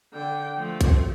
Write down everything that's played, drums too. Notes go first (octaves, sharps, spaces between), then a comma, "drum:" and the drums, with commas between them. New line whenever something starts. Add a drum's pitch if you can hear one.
D3 G5
F3 A3
drum: kick B1, hi-hat